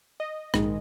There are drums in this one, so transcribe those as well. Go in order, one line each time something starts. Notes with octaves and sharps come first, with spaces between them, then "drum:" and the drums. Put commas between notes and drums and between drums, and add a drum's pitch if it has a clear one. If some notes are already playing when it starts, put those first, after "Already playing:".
D#5
A#1 G#2 D#3 G#3, drum: rim click